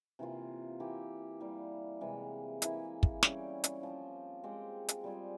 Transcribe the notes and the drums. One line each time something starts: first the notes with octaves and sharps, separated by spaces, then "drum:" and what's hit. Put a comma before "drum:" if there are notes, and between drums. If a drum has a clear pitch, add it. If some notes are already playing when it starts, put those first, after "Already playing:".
C3 E3 A#3 F4
E3 A#3 E4 G4
E3 G3 A#3
C3 E3 G#3
E3 A#3 E4 G#4, drum: hi-hat
drum: kick
G3 C#4 G4, drum: snare
drum: hi-hat
F3 C4 F4
G#3 C4 G4
drum: hi-hat
G3 C4 F4 G#4